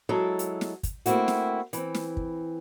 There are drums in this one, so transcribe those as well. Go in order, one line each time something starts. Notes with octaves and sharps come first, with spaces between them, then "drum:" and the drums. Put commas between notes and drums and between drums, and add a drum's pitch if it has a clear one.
F#3 G#3 E4 A4 A#5
drum: hi-hat
drum: snare
drum: kick, hi-hat
A3 A#3 C4 E4 F#4, drum: hi-hat
drum: snare
E3 C4, drum: hi-hat
drum: snare
drum: kick